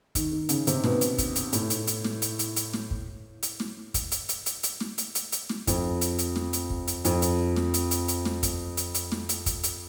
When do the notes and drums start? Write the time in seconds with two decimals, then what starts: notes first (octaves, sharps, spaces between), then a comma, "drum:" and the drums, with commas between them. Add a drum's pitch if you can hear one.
0.15 D#3, drum: kick, hi-hat
0.32 D#3
0.49 C#3, drum: hi-hat
0.67 C3, drum: hi-hat
0.84 B2, drum: snare
1.01 drum: hi-hat
1.18 drum: kick, hi-hat
1.36 drum: hi-hat
1.53 A2, drum: hi-hat
1.70 drum: hi-hat
1.87 drum: hi-hat
2.05 drum: snare
2.22 drum: hi-hat
2.39 drum: hi-hat
2.56 drum: hi-hat
2.74 drum: snare
2.91 drum: kick
3.43 drum: hi-hat
3.60 drum: snare
3.94 drum: kick, hi-hat
4.11 drum: hi-hat
4.29 drum: hi-hat
4.46 drum: hi-hat
4.63 drum: hi-hat
4.80 drum: snare
4.98 drum: hi-hat
5.15 drum: hi-hat
5.32 drum: hi-hat
5.49 drum: snare
5.67 F2, drum: kick, hi-hat
6.01 drum: hi-hat
6.18 drum: hi-hat
6.36 drum: snare
6.53 drum: hi-hat
6.70 drum: kick
6.87 drum: hi-hat
7.05 F2, drum: hi-hat
7.22 drum: hi-hat
7.56 drum: snare
7.74 drum: hi-hat
7.91 drum: hi-hat
8.08 drum: hi-hat
8.25 drum: snare
8.43 drum: kick, hi-hat
8.77 drum: hi-hat
8.94 drum: hi-hat
9.12 drum: snare
9.29 drum: hi-hat
9.46 drum: kick, hi-hat
9.63 drum: hi-hat